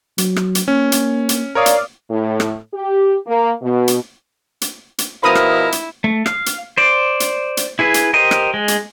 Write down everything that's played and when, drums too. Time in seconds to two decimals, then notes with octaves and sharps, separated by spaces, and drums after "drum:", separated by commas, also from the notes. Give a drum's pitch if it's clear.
0.18 F#3, drum: hi-hat
0.36 drum: rim click
0.55 drum: hi-hat
0.68 A#3 C#4
0.92 drum: hi-hat
1.29 drum: hi-hat
1.55 A#4 C#5 D5 F5 D#6
1.66 drum: hi-hat
2.11 A2
2.40 drum: rim click
2.73 G4
3.27 A#3
3.62 B2
3.88 drum: hi-hat
4.61 drum: hi-hat
4.98 drum: hi-hat
5.23 B2 F3 E4 A#4 B5 D#6 F6
5.35 drum: rim click
5.72 drum: hi-hat
6.04 A3
6.26 F5, drum: rim click
6.46 drum: hi-hat
6.78 C5 D5
7.20 drum: hi-hat
7.57 drum: hi-hat
7.79 E4 G#4 B4
7.94 drum: hi-hat
8.13 G4 A#4 C5 D#5
8.31 drum: rim click
8.54 G#3
8.68 drum: hi-hat